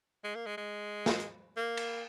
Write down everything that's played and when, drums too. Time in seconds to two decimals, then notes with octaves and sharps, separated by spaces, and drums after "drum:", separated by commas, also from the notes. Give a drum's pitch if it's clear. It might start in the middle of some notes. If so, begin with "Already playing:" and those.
0.24 G#3
0.36 A#3
0.47 G#3
0.58 G#3
1.06 drum: snare
1.20 drum: hi-hat
1.57 A#3
1.77 drum: cymbal